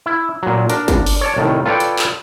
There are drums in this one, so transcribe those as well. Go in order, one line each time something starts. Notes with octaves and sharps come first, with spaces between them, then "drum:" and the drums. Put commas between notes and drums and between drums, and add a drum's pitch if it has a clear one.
E4
A#2 F#3
D4 A#4, drum: hi-hat
drum: kick, hi-hat
drum: open hi-hat
C#5 D5 A5
C2 A2 D#3
F4 A4 B4 C#5 D5 G5
drum: hi-hat
drum: clap